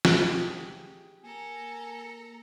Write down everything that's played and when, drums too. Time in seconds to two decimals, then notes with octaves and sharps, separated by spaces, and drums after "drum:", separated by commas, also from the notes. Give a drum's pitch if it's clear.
0.05 drum: snare
0.19 G4 G#4
1.24 A#3 A4 G#5 A#5